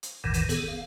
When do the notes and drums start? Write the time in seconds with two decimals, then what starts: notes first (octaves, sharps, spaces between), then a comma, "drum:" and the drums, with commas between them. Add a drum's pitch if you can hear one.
0.03 drum: hi-hat
0.24 F#1 D2 G2 A#2 D#3 E3
0.34 drum: hi-hat
0.49 B3 G#4 A4, drum: hi-hat
0.68 F5